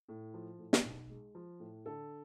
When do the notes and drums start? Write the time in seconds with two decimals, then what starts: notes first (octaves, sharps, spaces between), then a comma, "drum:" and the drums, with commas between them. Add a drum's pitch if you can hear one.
0.09 A2
0.34 F3
0.59 A2
0.73 drum: snare
0.85 B1
1.09 G#3
1.35 F3
1.60 A2
1.86 D3 A4